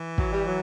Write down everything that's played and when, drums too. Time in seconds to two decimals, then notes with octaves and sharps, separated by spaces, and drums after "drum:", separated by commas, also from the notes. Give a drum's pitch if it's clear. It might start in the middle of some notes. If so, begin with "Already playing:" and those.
Already playing: E3
0.18 F#3, drum: kick
0.32 G3
0.46 F#3